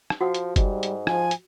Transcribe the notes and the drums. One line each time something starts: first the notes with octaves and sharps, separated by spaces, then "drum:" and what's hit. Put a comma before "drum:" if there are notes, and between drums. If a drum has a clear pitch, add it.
drum: rim click
F3 F#4 F#5
drum: hi-hat
G#2 G3, drum: kick F#1, hi-hat
drum: hi-hat
F3 G#5, drum: rim click
drum: hi-hat